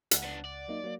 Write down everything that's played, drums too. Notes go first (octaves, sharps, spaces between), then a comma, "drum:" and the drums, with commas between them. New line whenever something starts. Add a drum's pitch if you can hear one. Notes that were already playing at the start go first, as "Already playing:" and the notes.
C#2 F#5, drum: hi-hat
B3 D4
D5
F#3 A#3 D#4
F#3 A#3